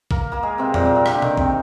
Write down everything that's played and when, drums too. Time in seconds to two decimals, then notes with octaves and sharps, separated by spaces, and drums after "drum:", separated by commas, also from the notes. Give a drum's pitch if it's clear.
0.11 A#3 A#4, drum: kick
0.32 A#3 A#4
0.43 G#3 G#4
0.58 C3 C4
0.74 A#2 A#3, drum: tom E2
0.85 A#2 A#3
0.95 C3 C4
1.06 D3 D4, drum: rim click
1.22 D#3 D#4, drum: tom B2
1.37 C3 C4, drum: kick